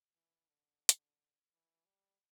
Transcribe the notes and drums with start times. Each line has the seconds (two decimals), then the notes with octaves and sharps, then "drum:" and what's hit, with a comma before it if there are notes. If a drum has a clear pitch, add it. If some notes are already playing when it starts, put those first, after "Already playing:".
0.14 E3
0.48 D3
0.89 drum: hi-hat
1.51 E3
1.86 G3